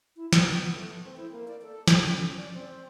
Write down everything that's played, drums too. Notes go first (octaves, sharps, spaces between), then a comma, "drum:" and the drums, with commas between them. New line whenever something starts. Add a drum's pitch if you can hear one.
E4
B3, drum: snare
A3
C4
E4
A#3
D5
A4
A4, drum: snare
C#4
D5
C4